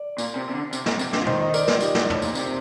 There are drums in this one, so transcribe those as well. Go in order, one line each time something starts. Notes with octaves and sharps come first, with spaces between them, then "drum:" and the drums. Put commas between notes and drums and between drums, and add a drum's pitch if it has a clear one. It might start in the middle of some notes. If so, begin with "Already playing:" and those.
Already playing: D5
A#2, drum: tambourine
C3
C3
D3
C3, drum: tambourine
A#2, drum: snare
C3, drum: tambourine
D3, drum: snare
F3
D#3 C5 D#5, drum: tom
C5 D#5
A#4 D5, drum: tambourine
A#4 D5, drum: snare
F4
D#4 G4, drum: tambourine
drum: snare
A2, drum: tom
A#2, drum: tambourine
C3, drum: tambourine